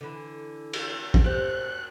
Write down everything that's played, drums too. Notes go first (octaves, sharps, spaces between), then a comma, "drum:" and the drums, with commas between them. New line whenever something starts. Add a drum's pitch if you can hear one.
D3 E3
drum: cymbal
drum: kick
G4 C5 F#6